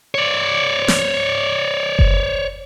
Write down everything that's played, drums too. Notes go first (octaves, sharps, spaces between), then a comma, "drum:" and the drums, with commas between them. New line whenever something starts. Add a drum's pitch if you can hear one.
C#5 D5
drum: snare
drum: kick F#1